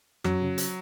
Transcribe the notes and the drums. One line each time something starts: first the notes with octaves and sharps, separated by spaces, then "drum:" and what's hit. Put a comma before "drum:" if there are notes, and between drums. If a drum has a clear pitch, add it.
F#2 F#3, drum: rim click
C#3
drum: hi-hat